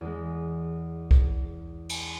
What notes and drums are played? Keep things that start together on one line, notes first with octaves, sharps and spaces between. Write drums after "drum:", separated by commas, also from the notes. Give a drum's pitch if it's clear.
E2 G#3
drum: kick
drum: cymbal